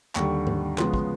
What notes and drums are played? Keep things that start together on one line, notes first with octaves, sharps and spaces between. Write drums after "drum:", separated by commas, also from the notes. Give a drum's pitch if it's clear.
D#2 D3 G3 C#6, drum: clap
drum: tom G#2
C#3 F3 G#3 B3 C6, drum: clap
C6, drum: kick